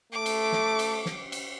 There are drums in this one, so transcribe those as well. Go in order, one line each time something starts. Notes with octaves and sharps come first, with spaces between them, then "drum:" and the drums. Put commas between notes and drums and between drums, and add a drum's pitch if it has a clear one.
A3 D6
drum: cymbal
drum: snare
drum: cymbal
drum: snare
drum: cymbal